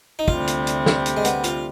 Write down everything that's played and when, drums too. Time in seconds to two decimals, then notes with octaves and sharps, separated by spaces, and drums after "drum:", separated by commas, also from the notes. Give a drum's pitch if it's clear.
0.19 D#4
0.28 D2 C3 G3 F4, drum: kick
0.47 drum: hi-hat
0.67 drum: hi-hat
0.86 drum: snare
1.06 drum: hi-hat
1.17 G#3
1.25 B3, drum: hi-hat
1.44 F4, drum: hi-hat